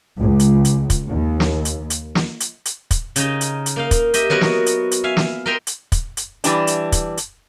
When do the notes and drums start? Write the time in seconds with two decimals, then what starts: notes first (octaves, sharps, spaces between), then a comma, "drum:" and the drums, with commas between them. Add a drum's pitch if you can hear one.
0.19 C#2
0.40 drum: hi-hat
0.65 drum: hi-hat
0.90 drum: kick, hi-hat
1.10 D#2
1.40 drum: snare
1.65 drum: hi-hat
1.90 drum: hi-hat
2.15 drum: snare
2.40 drum: hi-hat
2.65 drum: hi-hat
2.91 drum: kick, hi-hat
3.16 C#3 D#4 D#5, drum: hi-hat
3.41 drum: hi-hat
3.66 drum: hi-hat
3.76 A#3 D#4 F5
3.91 drum: kick, hi-hat
4.14 G4 D#5 E5, drum: hi-hat
4.30 F#3 B3 F#4 A#4 B5
4.41 drum: snare
4.66 drum: hi-hat
4.91 drum: hi-hat
5.04 E5 F5 G#5
5.17 drum: snare
5.46 A#4 D#5 E5 G5 A#5 C6
5.67 drum: hi-hat
5.92 drum: kick, hi-hat
6.17 drum: hi-hat
6.44 E3 G3 D4, drum: hi-hat
6.67 drum: hi-hat
6.92 drum: kick, hi-hat
7.17 drum: hi-hat